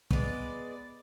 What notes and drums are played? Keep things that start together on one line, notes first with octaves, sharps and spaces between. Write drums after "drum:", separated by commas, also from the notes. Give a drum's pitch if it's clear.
G#3 B3 B4 D5, drum: kick